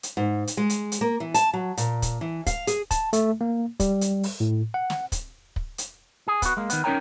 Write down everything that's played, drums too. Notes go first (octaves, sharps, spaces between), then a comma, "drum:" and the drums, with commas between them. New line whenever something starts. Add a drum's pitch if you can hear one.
drum: hi-hat
G#2
drum: hi-hat
G#3
drum: hi-hat
drum: hi-hat
A#3
E3
A5, drum: hi-hat
F#3
A#2, drum: hi-hat
drum: kick, hi-hat
E3
F5, drum: kick, hi-hat
G#4, drum: hi-hat
A5, drum: kick, hi-hat
A3, drum: hi-hat
A#3
G3, drum: kick, hi-hat
drum: hi-hat
drum: open hi-hat
A2
F#5
drum: snare
drum: kick, hi-hat
drum: kick
drum: hi-hat
G#4
B3 F#4, drum: kick, hi-hat
G#3 A#3
D#3 B3, drum: hi-hat
C#4 D#4 A#4 C#5 G5 A#5